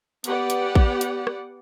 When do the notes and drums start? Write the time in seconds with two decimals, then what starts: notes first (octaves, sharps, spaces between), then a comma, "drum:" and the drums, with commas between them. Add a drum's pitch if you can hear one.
0.24 B3 G4 B4 D5 F#5, drum: hi-hat
0.50 drum: hi-hat
0.75 drum: kick
1.01 drum: hi-hat
1.27 drum: rim click